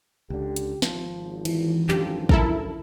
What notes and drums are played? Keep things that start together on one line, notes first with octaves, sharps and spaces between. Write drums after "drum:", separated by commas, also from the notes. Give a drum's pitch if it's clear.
C#2 D3 G4
drum: hi-hat
G#1 F3, drum: snare
E3, drum: cymbal
F#2 D3 F3 G4, drum: clap
E4 A4 A#4, drum: kick A1